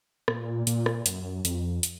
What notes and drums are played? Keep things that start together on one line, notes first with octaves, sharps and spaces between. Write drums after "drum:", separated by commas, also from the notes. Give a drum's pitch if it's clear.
A#2, drum: rim click
A#2, drum: hi-hat
drum: rim click
F#2, drum: hi-hat
F2, drum: hi-hat
drum: hi-hat